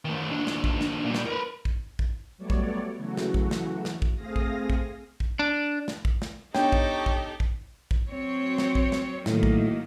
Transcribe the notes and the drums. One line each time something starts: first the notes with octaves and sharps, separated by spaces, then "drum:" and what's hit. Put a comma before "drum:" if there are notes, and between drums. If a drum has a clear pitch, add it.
D#3 A3
D#2 D4
drum: snare
drum: kick
drum: snare
A#2 G3
drum: snare
A#4 B4
drum: kick
drum: kick
F#3 G3 A3 B3 C#5 D5
drum: kick
C#3 E3 F#3 A3 F#4
drum: snare
drum: kick
drum: snare
drum: snare
drum: kick
A3 C4 G#4 F5 D#6 A#6
drum: kick
drum: kick
drum: kick
D4
drum: snare
drum: kick
drum: snare
B3 D4 D#4 G4 A4 C#5 G5, drum: snare
drum: kick
drum: kick
drum: kick
drum: kick
F#3 C4 C#5
drum: snare
drum: kick
drum: snare
A2 D#3 F#3 A#3, drum: snare
drum: kick